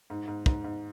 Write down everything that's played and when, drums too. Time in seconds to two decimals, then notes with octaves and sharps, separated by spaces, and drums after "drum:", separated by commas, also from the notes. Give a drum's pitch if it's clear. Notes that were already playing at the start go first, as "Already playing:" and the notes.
0.10 G#2
0.28 G#2
0.46 G#2, drum: kick
0.64 G#2